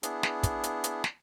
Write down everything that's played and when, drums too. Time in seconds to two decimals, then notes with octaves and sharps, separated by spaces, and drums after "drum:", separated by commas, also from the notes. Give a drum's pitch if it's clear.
0.03 B3 D4 E4 G#4, drum: hi-hat
0.23 drum: snare
0.43 drum: kick, hi-hat
0.63 drum: hi-hat
0.84 drum: hi-hat
1.04 drum: snare